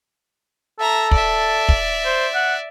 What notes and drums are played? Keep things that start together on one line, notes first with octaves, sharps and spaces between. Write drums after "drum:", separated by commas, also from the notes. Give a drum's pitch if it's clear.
A4 E5 A#5
D5 E5, drum: kick
drum: kick
C5
F#5